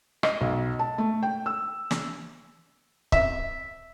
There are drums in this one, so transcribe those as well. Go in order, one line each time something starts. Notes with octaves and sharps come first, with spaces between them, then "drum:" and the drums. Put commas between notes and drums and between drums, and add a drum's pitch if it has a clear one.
D#5, drum: rim click
B1
A5
A3
G5
E6
drum: snare
E5, drum: kick